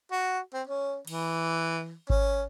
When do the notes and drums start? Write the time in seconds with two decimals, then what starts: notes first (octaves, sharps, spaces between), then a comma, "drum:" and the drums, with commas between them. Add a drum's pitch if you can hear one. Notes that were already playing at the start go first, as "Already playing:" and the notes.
0.12 F#4
0.54 C4
0.67 C#4
1.07 E3, drum: cymbal
2.10 C#4, drum: kick G#1